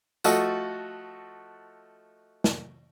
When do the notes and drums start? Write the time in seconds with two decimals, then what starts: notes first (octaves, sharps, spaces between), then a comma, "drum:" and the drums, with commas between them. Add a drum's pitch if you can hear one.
0.24 F3 A3 F#4 A4 D#5, drum: tambourine
2.44 drum: snare